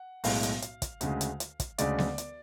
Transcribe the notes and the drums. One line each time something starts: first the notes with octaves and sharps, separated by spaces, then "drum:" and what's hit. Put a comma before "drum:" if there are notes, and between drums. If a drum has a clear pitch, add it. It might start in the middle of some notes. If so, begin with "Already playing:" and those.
Already playing: F#5
B1 A2 G#3 F5, drum: open hi-hat
drum: hi-hat
drum: hi-hat
drum: kick, hi-hat
D2 C#3 G#3, drum: hi-hat
drum: hi-hat
drum: hi-hat
drum: kick, hi-hat
D2 C#3 G#3 D5, drum: hi-hat
drum: snare B3
drum: hi-hat